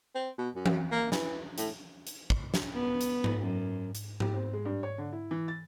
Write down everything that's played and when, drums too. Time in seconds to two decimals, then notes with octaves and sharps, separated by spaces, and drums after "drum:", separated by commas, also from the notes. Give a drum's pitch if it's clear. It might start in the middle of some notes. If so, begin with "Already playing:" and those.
0.16 C4
0.38 B2
0.55 F#2
0.66 drum: tom E3
0.92 A#3
1.12 E3, drum: snare
1.58 A2, drum: hi-hat
2.07 drum: hi-hat
2.30 drum: kick
2.54 drum: snare
2.74 B3
3.01 drum: hi-hat
3.24 drum: tom G#2
3.42 F#2
3.95 drum: hi-hat
4.20 G4, drum: tom G#2
4.34 C4
4.53 G#3
4.65 G2
4.83 C#5
4.98 D3
5.13 E4
5.31 E3
5.48 A6